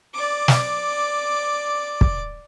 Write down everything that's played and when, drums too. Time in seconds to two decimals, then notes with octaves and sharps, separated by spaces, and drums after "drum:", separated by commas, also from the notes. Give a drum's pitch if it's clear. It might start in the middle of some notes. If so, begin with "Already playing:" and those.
0.14 D5 D6
0.48 drum: snare
2.01 drum: kick